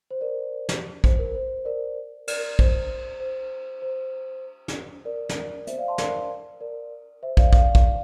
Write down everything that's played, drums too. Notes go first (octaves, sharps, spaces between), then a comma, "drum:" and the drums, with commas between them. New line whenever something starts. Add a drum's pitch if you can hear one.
C5
A#4 D5
drum: snare
C5, drum: kick
A#4
C5
A#4 D5
A#4 D5, drum: cymbal
C5, drum: kick
C5
C5
drum: snare
A#4 D5
drum: snare
C5 E5, drum: hi-hat
D5 F5
A5 C6
A#4 D5, drum: snare
A#4 D5
C5 E5
D5 F5, drum: kick
D5 F5, drum: kick
drum: kick